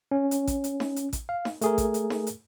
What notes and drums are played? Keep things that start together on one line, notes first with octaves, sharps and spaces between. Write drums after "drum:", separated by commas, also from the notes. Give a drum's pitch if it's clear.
C#4
drum: hi-hat
drum: kick A1, hi-hat
drum: hi-hat
drum: snare D#4
drum: hi-hat
drum: kick A1, hi-hat
F5
drum: snare D#4
A3 G#4 A#4, drum: hi-hat
drum: kick A1, hi-hat
drum: hi-hat
drum: snare D#4
drum: hi-hat